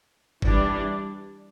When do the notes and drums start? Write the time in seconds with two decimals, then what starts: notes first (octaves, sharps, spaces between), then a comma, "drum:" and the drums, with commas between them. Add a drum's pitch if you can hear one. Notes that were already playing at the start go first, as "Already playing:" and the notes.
0.42 E3 G3 D4, drum: kick G1